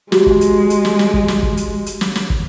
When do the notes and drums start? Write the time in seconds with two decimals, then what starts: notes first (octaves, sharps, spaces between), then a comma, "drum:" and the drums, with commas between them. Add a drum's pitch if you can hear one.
0.12 G#3 F#4 G4, drum: snare
0.26 drum: kick
0.41 drum: hi-hat
0.70 drum: hi-hat
0.85 drum: snare
0.99 drum: snare
1.14 drum: kick
1.28 drum: snare
1.43 drum: kick
1.57 drum: hi-hat
1.86 drum: hi-hat
2.01 drum: snare
2.15 drum: snare
2.30 drum: kick